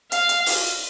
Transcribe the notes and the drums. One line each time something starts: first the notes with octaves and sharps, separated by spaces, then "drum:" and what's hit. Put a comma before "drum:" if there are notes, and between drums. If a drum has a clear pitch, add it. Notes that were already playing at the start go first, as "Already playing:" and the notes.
F5, drum: hi-hat
drum: hi-hat
drum: open hi-hat